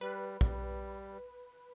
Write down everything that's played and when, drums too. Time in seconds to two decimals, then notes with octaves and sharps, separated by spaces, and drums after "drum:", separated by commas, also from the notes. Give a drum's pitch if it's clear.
0.01 G3 B4
0.41 G3, drum: kick